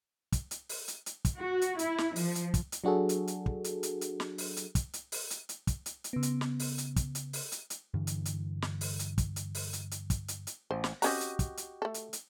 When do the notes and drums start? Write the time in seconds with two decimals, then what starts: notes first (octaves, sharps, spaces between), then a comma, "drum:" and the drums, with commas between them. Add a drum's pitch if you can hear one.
0.32 drum: kick, hi-hat
0.51 drum: hi-hat
0.69 drum: open hi-hat
0.88 drum: hi-hat
1.06 drum: hi-hat
1.25 drum: kick, hi-hat
1.36 F#4
1.62 drum: hi-hat
1.79 E4, drum: hi-hat
1.98 drum: snare
2.16 F3, drum: open hi-hat
2.35 drum: hi-hat
2.54 drum: kick, hi-hat
2.72 drum: hi-hat
2.84 F#3 D4 F#4 G#4 A4
3.09 drum: hi-hat
3.28 drum: hi-hat
3.46 drum: kick
3.64 drum: hi-hat
3.83 drum: hi-hat
4.01 drum: hi-hat
4.20 drum: snare
4.38 drum: open hi-hat
4.57 drum: hi-hat
4.75 drum: kick, hi-hat
4.93 drum: hi-hat
5.12 drum: open hi-hat
5.30 drum: hi-hat
5.49 drum: hi-hat
5.67 drum: kick, hi-hat
5.86 drum: hi-hat
6.04 drum: hi-hat
6.13 C#3 B3
6.23 drum: hi-hat
6.41 drum: snare
6.59 drum: open hi-hat
6.78 drum: hi-hat
6.96 drum: kick, hi-hat
7.15 drum: hi-hat
7.33 drum: open hi-hat
7.52 drum: hi-hat
7.70 drum: hi-hat
7.94 G2 D3 E3
8.07 drum: hi-hat
8.25 drum: hi-hat
8.62 drum: snare
8.81 drum: open hi-hat
8.99 drum: hi-hat
9.18 drum: kick, hi-hat
9.36 drum: hi-hat
9.55 drum: open hi-hat
9.73 drum: hi-hat
9.91 drum: hi-hat
10.10 drum: kick, hi-hat
10.28 drum: hi-hat
10.47 drum: hi-hat
10.71 A1 C5
10.84 drum: snare
11.02 C4 C#4 F#4 G4 D#5 A#5, drum: open hi-hat
11.21 drum: hi-hat
11.39 drum: kick, hi-hat
11.57 drum: hi-hat
11.82 A3 A4
11.94 drum: hi-hat
12.13 drum: hi-hat